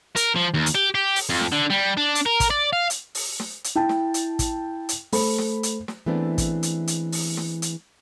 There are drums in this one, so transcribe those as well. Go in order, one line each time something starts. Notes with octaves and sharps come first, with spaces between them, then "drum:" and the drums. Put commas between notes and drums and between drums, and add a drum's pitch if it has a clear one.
A#4, drum: hi-hat
F3
D#2
drum: hi-hat
G4
G4
drum: open hi-hat
F2
drum: snare
D3
G3
D4
drum: hi-hat
A#4
drum: kick, hi-hat
D5
F5
drum: hi-hat
drum: open hi-hat
drum: snare
drum: hi-hat
E4 G5 A5
drum: snare
drum: hi-hat
drum: kick, hi-hat
drum: hi-hat
A3 C5 B5, drum: open hi-hat
drum: snare
drum: hi-hat
drum: snare
E3 G#3 A3 B3 C4 D4
drum: kick, hi-hat
drum: hi-hat
drum: hi-hat
drum: open hi-hat
drum: snare
drum: hi-hat